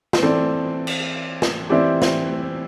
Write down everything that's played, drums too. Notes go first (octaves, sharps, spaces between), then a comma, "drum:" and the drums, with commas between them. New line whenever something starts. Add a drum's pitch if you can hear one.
drum: snare
E3 C4 A4 D5
drum: cymbal
drum: snare
E3 C4 E4 G4 D5
drum: snare